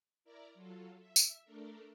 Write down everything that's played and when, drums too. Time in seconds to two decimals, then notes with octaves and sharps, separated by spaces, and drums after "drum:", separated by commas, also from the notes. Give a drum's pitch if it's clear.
0.24 E4 A#4 D5 A#5
0.54 F#3 F4 A4
0.98 E5
1.16 drum: tambourine
1.45 A3 D4 A4 A#4